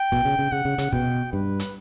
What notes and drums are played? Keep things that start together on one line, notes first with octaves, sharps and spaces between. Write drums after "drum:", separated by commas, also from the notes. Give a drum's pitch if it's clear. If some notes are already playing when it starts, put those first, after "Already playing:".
Already playing: G5
B2, drum: kick
C#3
C#3
C#3 F#5
C#3
C#3, drum: hi-hat
B2 G5, drum: kick
G2 B4
drum: hi-hat